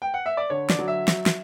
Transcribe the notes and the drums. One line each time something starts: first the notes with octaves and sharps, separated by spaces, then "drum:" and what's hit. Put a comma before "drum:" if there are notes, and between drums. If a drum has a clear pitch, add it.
G5
F#5
E5
D5
D3 C#5
D5, drum: snare
F#3
E5
F#3, drum: snare
drum: snare